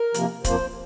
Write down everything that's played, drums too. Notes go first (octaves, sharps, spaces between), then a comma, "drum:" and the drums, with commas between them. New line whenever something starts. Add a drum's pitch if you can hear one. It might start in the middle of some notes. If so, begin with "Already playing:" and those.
Already playing: A#4
C3 F3 A#3, drum: hi-hat
F2 F3 A#3 C5, drum: kick, hi-hat